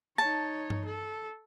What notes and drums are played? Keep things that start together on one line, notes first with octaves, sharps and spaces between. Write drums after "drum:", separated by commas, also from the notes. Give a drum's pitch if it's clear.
D#4 C#5 A5
drum: tom G2
A4